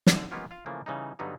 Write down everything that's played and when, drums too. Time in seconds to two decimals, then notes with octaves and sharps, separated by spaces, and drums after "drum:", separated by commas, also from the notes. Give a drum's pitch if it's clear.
0.07 drum: snare
0.16 D3
0.31 G#3 A#3 B3 C#4 F4 G4
0.51 F4 F5
0.66 C#3 E3 F3 A3 A#3
0.86 C#3 E3 G3 D#4
1.19 G2 D3 F#3 G3 B3 D#4